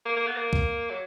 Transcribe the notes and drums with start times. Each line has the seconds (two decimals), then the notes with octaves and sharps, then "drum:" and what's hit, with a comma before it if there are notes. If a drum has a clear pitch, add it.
0.05 A#3
0.17 A#3
0.27 B3
0.37 A#3
0.53 drum: kick C2
0.90 F#3